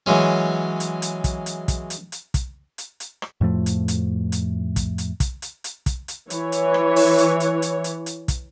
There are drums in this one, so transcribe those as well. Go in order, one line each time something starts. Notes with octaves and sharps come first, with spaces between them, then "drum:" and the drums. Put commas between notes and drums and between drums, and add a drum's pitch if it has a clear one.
E3 F#3 G#3 C#4
drum: hi-hat
drum: hi-hat
drum: kick, hi-hat
drum: hi-hat
drum: kick, hi-hat
drum: hi-hat
drum: hi-hat
drum: kick, hi-hat
drum: hi-hat
drum: hi-hat
drum: rim click
F2 A2 F3 A3
drum: hi-hat
drum: hi-hat
drum: hi-hat
drum: kick, hi-hat
drum: hi-hat
drum: kick, hi-hat
drum: hi-hat
drum: hi-hat
drum: kick, hi-hat
drum: hi-hat
E3 C#5, drum: hi-hat
drum: hi-hat
drum: rim click
drum: open hi-hat
drum: hi-hat
drum: hi-hat
drum: hi-hat
drum: hi-hat
drum: hi-hat
drum: kick, hi-hat